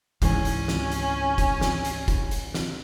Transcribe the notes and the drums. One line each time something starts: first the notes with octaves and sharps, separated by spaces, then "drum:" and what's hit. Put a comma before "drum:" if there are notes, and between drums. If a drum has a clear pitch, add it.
C#2 G#2 E3 C#4, drum: kick, hi-hat
drum: hi-hat
drum: snare
drum: hi-hat
drum: kick, hi-hat
drum: snare
drum: hi-hat
drum: kick, hi-hat
drum: hi-hat
drum: snare